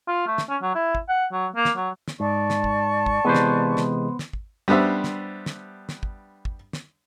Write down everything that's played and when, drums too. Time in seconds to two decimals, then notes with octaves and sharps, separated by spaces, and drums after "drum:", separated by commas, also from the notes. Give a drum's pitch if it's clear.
0.08 F4
0.27 A3
0.38 drum: snare
0.49 C#4
0.62 F#3
0.75 E4
0.95 drum: kick
1.09 F#5
1.33 F#3
1.56 A#3
1.65 drum: snare
1.77 F#3
2.08 drum: snare
2.20 G#2 D5 A5 C#6
2.50 drum: snare
2.64 drum: kick
3.06 drum: kick
3.25 C3 E3 G#3 B3 B4 C5
3.35 drum: snare
3.77 drum: snare
4.19 drum: snare
4.33 drum: kick
4.68 G3 B3 D4 C5 E5
5.04 drum: snare
5.46 drum: snare
5.89 drum: snare
6.03 drum: kick
6.45 drum: kick
6.73 drum: snare